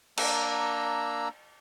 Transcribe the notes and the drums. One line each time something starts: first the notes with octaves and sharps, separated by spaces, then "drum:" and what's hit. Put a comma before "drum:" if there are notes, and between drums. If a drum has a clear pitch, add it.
A#3 D4 A#5 E6, drum: cymbal